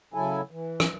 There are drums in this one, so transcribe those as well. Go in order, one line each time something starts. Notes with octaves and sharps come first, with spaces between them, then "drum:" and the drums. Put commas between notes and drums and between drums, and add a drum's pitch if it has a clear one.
C#3 F#3 E4 A4 G#5
E3
drum: rim click